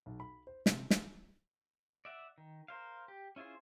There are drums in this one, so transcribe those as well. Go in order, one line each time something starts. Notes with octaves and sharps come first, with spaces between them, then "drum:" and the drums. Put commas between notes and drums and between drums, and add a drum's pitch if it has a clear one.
B1
B5
C5
C3, drum: snare
drum: snare
D5 E5 F#5
D#3
A#4 C5 F5
G4
C#4 E4 F4 G#4 C5